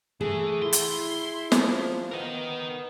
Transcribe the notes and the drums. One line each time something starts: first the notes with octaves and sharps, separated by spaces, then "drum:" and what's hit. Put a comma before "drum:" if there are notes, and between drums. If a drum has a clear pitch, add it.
E3 A3 G#4
E4 C6
drum: hi-hat
F3, drum: snare
B3 A#4 D#5